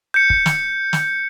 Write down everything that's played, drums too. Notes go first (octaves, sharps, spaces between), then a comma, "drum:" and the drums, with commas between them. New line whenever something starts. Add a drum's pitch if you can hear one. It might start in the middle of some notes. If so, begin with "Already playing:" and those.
G6 C#7
drum: kick
drum: snare
drum: snare